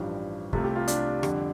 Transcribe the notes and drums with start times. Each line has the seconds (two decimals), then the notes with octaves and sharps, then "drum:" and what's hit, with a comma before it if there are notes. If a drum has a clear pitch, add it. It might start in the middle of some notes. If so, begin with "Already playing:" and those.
Already playing: A1 G2 F3 D4 G4
0.53 C2 C3 A3 F4, drum: kick
0.64 G4
0.75 F4
0.88 D4 G4, drum: hi-hat
1.23 F2 D3 G3, drum: rim click